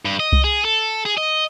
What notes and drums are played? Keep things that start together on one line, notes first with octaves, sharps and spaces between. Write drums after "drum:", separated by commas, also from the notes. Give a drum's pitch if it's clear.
G2
D#5
drum: kick C2
G#4
A4
G#4
D#5